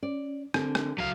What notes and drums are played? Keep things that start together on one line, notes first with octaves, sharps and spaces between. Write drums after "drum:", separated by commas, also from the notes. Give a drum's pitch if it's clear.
C#4 D5
D3 C4, drum: rim click
drum: rim click
C#2 F#3 F5